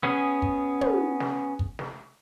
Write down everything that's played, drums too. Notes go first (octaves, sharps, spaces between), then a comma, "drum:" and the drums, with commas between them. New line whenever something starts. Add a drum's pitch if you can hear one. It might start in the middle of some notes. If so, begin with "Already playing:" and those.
B3 C#4 G#4
drum: kick
drum: tom
drum: snare
drum: kick
drum: snare